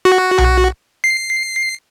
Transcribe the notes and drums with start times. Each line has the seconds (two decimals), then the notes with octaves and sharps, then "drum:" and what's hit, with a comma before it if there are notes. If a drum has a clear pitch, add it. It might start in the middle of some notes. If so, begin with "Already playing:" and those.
0.05 F#4
0.38 drum: tom B1
1.04 C7